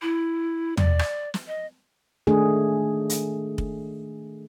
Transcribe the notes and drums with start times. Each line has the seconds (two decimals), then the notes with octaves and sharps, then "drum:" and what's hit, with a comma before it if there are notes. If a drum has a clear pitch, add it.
0.02 E4
0.77 D5, drum: tom
0.99 drum: rim click
1.34 drum: snare
1.47 D#5
2.27 D#3 A3 D4 G#4
3.10 drum: hi-hat
3.58 drum: kick